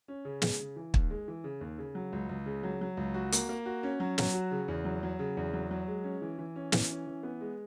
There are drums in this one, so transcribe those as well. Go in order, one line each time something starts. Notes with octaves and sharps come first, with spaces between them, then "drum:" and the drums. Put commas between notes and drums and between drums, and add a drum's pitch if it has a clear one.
C#4
C#3
G#3, drum: snare
C#3
E3
D#2, drum: kick
G#3
E3
C#3
D#2
C#3
F#3
C#2
C#2
C#3
F#3
F#3
C#2
F#4
A#3, drum: hi-hat
A#3
F#4
C#4
F#3
F#3, drum: snare
F#4
C#3
E2
F#3
F#3
C#3
E2
F#3
F#3
G#3
C#4
E3
E3
C#4
E3, drum: snare
C#4
E3
B3
G#3